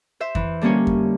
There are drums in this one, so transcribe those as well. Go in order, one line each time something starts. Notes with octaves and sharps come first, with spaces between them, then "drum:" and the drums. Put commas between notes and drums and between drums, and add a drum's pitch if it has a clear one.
C5 E5
E3, drum: kick F2
D3 G3 A#3 C#4 C#5
drum: kick F2